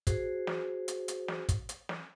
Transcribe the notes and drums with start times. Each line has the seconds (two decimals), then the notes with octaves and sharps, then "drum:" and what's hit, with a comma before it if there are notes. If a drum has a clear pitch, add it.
0.07 F#4 G#4 C5, drum: kick, hi-hat
0.47 drum: snare
0.88 drum: hi-hat
1.08 drum: hi-hat
1.28 drum: snare
1.49 drum: kick, hi-hat
1.69 drum: hi-hat
1.89 drum: snare